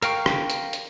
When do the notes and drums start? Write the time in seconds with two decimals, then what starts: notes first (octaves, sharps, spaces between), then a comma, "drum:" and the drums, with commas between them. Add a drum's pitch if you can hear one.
0.02 A#4 F5 G5 C#6, drum: hi-hat
0.26 drum: rim click
0.50 drum: hi-hat
0.73 drum: hi-hat